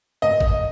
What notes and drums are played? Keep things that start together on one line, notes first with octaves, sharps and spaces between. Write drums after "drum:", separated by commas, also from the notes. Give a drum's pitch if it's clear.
D#5
drum: kick G#1